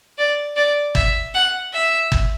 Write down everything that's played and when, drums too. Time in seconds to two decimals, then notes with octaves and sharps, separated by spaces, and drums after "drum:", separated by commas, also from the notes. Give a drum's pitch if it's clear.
0.18 D5
0.56 D5
0.95 E5, drum: kick G1
1.34 F#5
1.73 E5
2.12 drum: kick G1